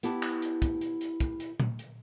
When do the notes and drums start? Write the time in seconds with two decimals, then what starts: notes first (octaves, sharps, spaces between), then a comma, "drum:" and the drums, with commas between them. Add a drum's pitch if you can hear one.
0.03 B3 E4 G4 A5, drum: hi-hat
0.23 drum: clap
0.42 drum: hi-hat
0.62 drum: kick, hi-hat
0.81 drum: hi-hat
1.01 drum: hi-hat
1.20 drum: kick, hi-hat
1.40 drum: hi-hat
1.60 drum: tom A#2
1.79 drum: hi-hat